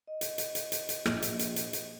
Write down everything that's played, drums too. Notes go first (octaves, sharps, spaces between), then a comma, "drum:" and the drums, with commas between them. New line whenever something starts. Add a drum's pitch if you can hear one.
D#5
drum: hi-hat
drum: hi-hat
drum: hi-hat
drum: hi-hat
drum: hi-hat
A#1, drum: rim click
drum: hi-hat
drum: hi-hat
drum: hi-hat
drum: hi-hat